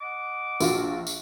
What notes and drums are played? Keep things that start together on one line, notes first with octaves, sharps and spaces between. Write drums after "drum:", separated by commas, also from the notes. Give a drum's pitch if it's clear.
D#5 F#5 D6
A#1 F4 F#4, drum: tambourine
drum: tambourine